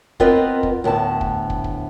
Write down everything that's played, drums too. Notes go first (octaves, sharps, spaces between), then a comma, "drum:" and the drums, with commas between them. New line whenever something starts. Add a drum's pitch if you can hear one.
B3 C4 F4 A#4 B4 D#5, drum: kick
drum: kick
D2 A2 B3 A5
drum: kick
drum: kick
drum: kick